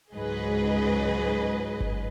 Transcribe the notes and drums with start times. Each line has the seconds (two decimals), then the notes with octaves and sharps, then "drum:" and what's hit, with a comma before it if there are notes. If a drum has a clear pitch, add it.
0.14 C#2 G#2 F#3 G#4 B4 D#5
1.80 drum: kick G1